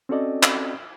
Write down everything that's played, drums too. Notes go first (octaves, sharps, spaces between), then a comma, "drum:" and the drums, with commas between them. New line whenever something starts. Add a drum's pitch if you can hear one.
C4 C#4 F#4 A4 D5 D#5
drum: clap